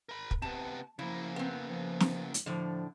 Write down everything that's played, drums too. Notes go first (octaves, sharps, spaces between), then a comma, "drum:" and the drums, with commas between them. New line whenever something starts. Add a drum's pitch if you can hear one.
A#4 B5
drum: kick
C3 B3 A5
C#3 F3 A#3 E4
B3 C4
F3
drum: snare
drum: hi-hat
A2 D3 F3